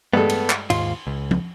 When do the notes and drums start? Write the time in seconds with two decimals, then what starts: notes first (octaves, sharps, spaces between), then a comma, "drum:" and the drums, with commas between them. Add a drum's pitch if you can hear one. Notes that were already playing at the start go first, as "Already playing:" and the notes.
0.14 G2 G#3 A3 B3 A4
0.29 drum: cymbal
0.50 drum: clap
0.70 D#2 G#2 F4 C6, drum: cymbal
1.07 C#2
1.31 drum: tom